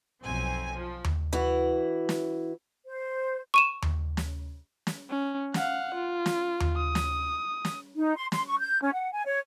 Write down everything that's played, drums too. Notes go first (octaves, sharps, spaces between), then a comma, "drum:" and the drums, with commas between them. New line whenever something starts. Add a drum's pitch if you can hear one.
B1 F2 C4 G#5
F3
drum: tom D#2
E3 E4 F#4
drum: snare
C5
C#6 D#7 E7
drum: tom D#2
drum: snare
drum: snare
C#4
F5 F#5, drum: snare
F4
drum: snare
drum: tom D#2
D#6
drum: snare
drum: snare
D#4
C6
C6, drum: snare
C#6
G6
C#4
F#5
G#5
C#5